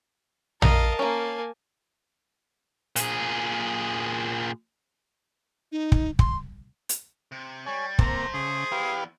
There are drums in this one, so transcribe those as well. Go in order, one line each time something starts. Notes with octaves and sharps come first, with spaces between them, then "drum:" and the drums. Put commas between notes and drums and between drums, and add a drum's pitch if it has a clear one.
A#4 D#5 F5 A5 A#5, drum: tom A#1
A#3 C#4 G#5 A#5
A#2 G#4, drum: hi-hat
D#4
drum: kick
C6, drum: kick
drum: hi-hat
C3
G3 C#5 G#5
A#3 C4 C5 E5 A5 A#5, drum: kick
C#3 G#4
E2 E4 G4 B4 F5